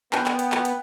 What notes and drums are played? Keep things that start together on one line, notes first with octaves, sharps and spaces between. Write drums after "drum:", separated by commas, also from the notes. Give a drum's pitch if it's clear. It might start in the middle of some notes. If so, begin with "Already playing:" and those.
B3 B4 G5, drum: clap
drum: clap
drum: hi-hat
drum: clap
drum: hi-hat